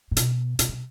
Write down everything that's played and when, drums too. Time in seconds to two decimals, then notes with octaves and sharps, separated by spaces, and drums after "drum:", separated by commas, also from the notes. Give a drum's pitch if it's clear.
0.11 A#2
0.17 B2, drum: hi-hat
0.59 A#2, drum: hi-hat
0.69 B2